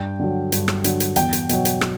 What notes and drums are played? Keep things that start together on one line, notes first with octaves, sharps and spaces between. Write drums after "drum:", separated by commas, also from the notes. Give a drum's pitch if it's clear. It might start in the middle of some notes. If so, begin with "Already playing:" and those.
Already playing: G2 G5
D3 F#3
G2, drum: hi-hat
drum: rim click
D3 F#3, drum: hi-hat
drum: hi-hat
E2 G5, drum: hi-hat
drum: hi-hat
B2 F#3, drum: hi-hat
drum: hi-hat
drum: rim click